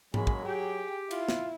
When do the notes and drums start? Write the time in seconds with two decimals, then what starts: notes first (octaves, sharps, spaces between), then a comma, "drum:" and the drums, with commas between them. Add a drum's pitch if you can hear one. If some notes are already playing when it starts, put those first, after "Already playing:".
0.14 F#3 G#3 A#3 C#4 G#4 B5, drum: tom G#2
0.27 drum: kick
0.45 G4 G#4 G5
1.11 E4 F4, drum: cymbal
1.29 drum: snare